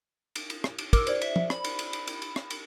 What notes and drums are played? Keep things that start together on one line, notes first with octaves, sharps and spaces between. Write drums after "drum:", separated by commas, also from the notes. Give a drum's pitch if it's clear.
drum: cymbal
drum: cymbal
drum: rim click
drum: cymbal
A#4 D6 E6, drum: kick, cymbal
C5 D5, drum: cymbal
E5, drum: cymbal
drum: tom
B5, drum: rim click
drum: cymbal
drum: cymbal
drum: cymbal
drum: cymbal
drum: cymbal
drum: rim click
drum: cymbal